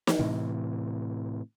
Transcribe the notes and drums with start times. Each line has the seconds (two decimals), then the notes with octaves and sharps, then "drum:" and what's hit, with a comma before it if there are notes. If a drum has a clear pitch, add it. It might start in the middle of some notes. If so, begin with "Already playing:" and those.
0.07 drum: snare
0.19 A2 C3 E3